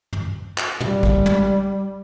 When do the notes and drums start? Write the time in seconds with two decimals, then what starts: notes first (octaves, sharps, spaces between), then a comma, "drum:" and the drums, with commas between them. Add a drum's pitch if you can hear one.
0.13 drum: tom
0.58 drum: clap
0.80 G3, drum: tom
1.03 drum: kick
1.26 drum: tom